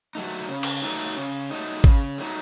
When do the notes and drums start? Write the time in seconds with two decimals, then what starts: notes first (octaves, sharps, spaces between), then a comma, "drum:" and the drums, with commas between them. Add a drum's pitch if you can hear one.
0.15 F#3 A3 D#4
0.49 C#3
0.63 drum: cymbal
0.82 F#3 A3 D#4
1.16 C#3
1.50 F#3 A3 D#4
1.84 C#3, drum: kick
2.18 F#3 A3 D#4